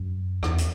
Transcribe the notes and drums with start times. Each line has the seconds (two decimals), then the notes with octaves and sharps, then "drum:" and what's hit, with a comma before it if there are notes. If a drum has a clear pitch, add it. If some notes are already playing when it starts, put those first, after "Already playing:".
Already playing: F#2
0.43 E2, drum: rim click
0.58 drum: hi-hat